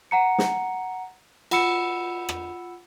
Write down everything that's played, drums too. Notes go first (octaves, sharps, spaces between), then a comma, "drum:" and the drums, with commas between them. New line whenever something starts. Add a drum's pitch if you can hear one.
F#5 A#5 C#7
drum: snare
F4 F#5 B5 E6 C#7 E7, drum: cymbal
drum: rim click